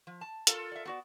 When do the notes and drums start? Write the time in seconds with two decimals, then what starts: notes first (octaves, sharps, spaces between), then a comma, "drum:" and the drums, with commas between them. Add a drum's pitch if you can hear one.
0.07 F3
0.21 A5
0.47 F4 A4 A#4, drum: hi-hat
0.72 D5 E5
0.85 B3 F#4 D5